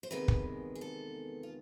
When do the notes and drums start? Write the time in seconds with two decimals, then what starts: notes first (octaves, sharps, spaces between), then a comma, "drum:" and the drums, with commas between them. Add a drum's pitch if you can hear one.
0.03 C5
0.11 E2 C3 D#3 G#3 B3 B4
0.28 drum: kick
0.75 G#4
0.81 A4
1.43 F4